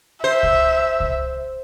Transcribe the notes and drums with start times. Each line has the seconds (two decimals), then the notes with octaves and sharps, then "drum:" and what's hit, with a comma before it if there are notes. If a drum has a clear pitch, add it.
0.24 C5 E5
0.43 drum: kick C2
1.00 drum: kick C2